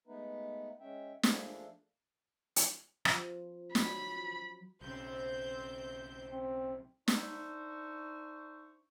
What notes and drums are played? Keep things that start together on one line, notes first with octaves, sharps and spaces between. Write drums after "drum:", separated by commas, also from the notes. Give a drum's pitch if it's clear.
G#3 A3 B3 D#4 B4
G#3 C#4 E5 G5
F3 A3 A#3 D4 G#4 A4, drum: snare
drum: hi-hat
F3, drum: rim click
F#3 B5, drum: snare
B1 C#3 C4 C5 G6
C4
D4 D#4 C5 E5 C#6, drum: snare